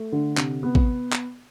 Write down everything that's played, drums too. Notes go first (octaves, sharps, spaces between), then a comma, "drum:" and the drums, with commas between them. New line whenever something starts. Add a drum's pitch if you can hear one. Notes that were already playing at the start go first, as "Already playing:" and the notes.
Already playing: A3
D3
C3, drum: clap
B3
drum: kick
drum: clap